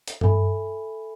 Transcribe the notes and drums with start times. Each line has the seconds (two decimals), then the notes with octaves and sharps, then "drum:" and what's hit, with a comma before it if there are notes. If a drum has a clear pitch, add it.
0.08 drum: hi-hat
0.21 A4 E5 G#5 B5, drum: tom G2